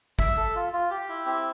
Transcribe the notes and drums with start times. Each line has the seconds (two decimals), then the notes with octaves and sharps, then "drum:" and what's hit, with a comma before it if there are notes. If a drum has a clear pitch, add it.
0.19 E5, drum: kick
0.37 A4
0.56 F4
0.73 F4
0.90 G4
1.09 E4
1.26 C4